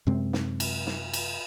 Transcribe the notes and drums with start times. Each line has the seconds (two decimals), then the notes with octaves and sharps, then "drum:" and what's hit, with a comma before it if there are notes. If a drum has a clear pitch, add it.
0.07 F#2 C3 G#3 C4
0.33 drum: snare
0.60 drum: cymbal
0.87 drum: snare
1.13 drum: cymbal